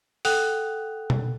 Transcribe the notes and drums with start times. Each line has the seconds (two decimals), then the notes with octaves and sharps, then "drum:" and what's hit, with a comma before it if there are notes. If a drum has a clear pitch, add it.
0.25 A4 F#5 G5 D#6 F#6 F7, drum: open hi-hat
1.10 drum: tom B2